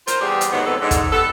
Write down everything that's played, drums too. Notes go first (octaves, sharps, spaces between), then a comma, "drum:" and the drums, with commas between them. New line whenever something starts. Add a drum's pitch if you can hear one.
F4 A#4 C5, drum: hi-hat
E2 G3 B3 G4 G#4
drum: hi-hat
D#2 G#2 F#3 B3
F2 G#2 B3 A4
G#2 D3
drum: kick, hi-hat
B3 G4 A4